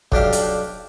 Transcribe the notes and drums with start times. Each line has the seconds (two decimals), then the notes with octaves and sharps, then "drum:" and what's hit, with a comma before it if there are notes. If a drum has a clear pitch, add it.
0.12 B1 D4 G4 F5, drum: kick
0.33 drum: hi-hat